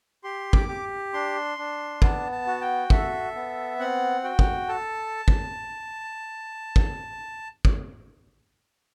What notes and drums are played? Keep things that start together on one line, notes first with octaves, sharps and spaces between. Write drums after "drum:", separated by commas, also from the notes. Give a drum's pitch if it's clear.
G4 C6
D6, drum: kick
G4
D4 C6
D4
B3 A5, drum: kick
A5
F#4
G5
A4 E5, drum: kick
B3
C4 F#5
F#4 G5
drum: kick
A4 A5
drum: kick
drum: kick
drum: kick